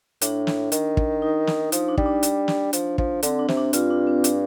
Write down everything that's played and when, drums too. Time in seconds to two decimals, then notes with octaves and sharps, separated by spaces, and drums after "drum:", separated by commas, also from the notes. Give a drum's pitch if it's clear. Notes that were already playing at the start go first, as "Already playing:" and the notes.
0.21 A2 D4, drum: hi-hat
0.47 drum: snare
0.72 D#3, drum: hi-hat
0.97 drum: kick
1.22 D#4
1.47 drum: snare
1.72 F3 D#4, drum: hi-hat
1.89 D4
1.98 G3, drum: kick
2.06 D4
2.23 drum: hi-hat
2.48 drum: snare
2.73 F3, drum: hi-hat
2.98 F3, drum: kick
3.23 D3 C4, drum: hi-hat
3.39 D4
3.48 C3, drum: snare
3.57 D4
3.73 G2 F4, drum: hi-hat
3.91 D4
4.07 C4
4.24 D4, drum: hi-hat